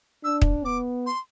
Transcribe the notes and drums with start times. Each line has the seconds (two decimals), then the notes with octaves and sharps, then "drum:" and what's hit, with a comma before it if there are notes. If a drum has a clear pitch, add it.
0.24 D4 E6
0.42 drum: kick
0.65 B3 D6
1.06 C6